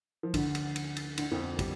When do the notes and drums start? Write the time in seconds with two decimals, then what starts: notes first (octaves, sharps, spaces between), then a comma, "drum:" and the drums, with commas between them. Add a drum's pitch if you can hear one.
0.23 F3
0.34 D2 D3, drum: kick, cymbal
0.55 drum: cymbal
0.76 drum: cymbal
0.97 drum: cymbal
1.18 D2 D3, drum: cymbal
1.31 F2 F3
1.59 G3, drum: kick, cymbal